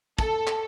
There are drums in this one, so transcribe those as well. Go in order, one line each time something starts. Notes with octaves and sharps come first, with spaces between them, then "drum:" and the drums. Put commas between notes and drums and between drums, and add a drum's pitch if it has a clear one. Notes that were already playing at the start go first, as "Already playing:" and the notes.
A4, drum: kick, tambourine
drum: clap